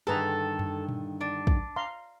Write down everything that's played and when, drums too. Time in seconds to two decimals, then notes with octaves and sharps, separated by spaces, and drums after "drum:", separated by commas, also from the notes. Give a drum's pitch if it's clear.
0.07 G2 D3 D#3 G#4 A4 B4 A#5
0.59 drum: tom F#2
0.89 drum: tom A#2
1.21 D4
1.47 drum: kick
1.76 F5 A#5 C6